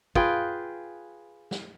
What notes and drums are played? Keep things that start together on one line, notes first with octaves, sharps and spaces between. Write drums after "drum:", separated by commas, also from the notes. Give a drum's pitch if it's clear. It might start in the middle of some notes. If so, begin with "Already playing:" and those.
F4 G#4 B4 G5, drum: kick
drum: snare